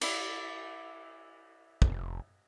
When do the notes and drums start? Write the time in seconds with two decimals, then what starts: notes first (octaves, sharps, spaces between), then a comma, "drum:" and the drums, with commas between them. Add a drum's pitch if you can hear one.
0.01 E4 D5, drum: cymbal
1.82 F1, drum: kick